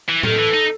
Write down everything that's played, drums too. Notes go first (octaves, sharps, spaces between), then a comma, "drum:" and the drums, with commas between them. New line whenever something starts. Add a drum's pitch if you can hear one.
E3
D#3 A4, drum: tom A2
E3
D#4